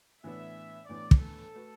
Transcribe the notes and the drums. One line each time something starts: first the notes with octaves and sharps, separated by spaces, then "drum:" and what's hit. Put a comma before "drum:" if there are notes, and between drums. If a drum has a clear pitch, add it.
A2 E3 B3 D4 E5
A2 E3 B3 D4 D5
drum: kick
A4
A3 F#4 B4